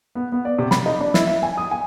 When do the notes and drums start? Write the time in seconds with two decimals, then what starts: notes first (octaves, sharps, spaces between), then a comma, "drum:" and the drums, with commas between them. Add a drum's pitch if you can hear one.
0.15 B3
0.32 B3
0.45 D5
0.59 C3
0.71 B5, drum: snare
0.86 D#4
1.01 D4
1.14 E4, drum: snare
1.27 E5
1.43 G#5
1.57 D#6
1.71 G#5